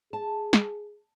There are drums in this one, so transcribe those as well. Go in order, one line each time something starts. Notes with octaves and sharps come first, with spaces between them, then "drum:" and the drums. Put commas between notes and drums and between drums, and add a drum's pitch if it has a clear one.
G#4 A5
drum: snare